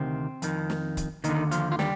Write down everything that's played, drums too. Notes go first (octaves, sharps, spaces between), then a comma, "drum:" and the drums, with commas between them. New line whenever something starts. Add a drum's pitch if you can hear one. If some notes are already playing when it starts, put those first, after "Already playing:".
Already playing: D2 C3 D#3 C4
F2 D#3, drum: hi-hat
drum: snare
drum: kick C#1, hi-hat
D#2 D3 D#3 D#4, drum: hi-hat
F3 F4, drum: hi-hat
F4
G3 G4, drum: snare